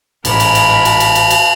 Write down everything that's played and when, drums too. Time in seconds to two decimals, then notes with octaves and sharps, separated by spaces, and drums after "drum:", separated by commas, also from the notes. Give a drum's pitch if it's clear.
0.25 A1 G#2 A#4 B5, drum: cymbal
0.40 drum: cymbal
0.55 drum: cymbal
0.85 drum: cymbal
1.00 drum: cymbal
1.15 drum: cymbal
1.30 drum: cymbal